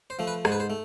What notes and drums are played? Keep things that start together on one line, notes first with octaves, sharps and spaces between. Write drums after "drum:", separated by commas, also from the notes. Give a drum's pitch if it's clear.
C5
F3 A3
B4
G#2 C5, drum: rim click
B4
C5
A3